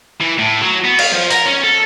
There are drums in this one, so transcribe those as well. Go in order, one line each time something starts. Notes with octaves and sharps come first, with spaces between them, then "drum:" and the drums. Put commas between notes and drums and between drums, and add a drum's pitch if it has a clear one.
E3
A2
F#3
B3
F5, drum: cymbal
F3
A#4, drum: open hi-hat
C#4
A4